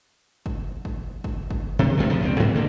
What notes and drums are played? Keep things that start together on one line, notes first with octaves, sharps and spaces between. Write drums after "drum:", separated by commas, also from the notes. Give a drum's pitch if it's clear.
drum: kick
drum: kick
drum: kick
drum: kick
C3
F#2 A#2 A3
C3 F3 B3
C#2 G2 C4
G#2 F#3
D3 A#3